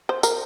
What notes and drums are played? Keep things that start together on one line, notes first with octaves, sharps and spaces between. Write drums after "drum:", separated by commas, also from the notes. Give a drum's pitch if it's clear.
C5
A#4, drum: tambourine